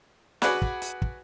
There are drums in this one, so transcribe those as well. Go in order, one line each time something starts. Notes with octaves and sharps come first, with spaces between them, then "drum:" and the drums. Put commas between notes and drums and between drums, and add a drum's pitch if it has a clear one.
F#4 G#4 B4 D5 F#5, drum: snare
drum: kick
drum: hi-hat
drum: kick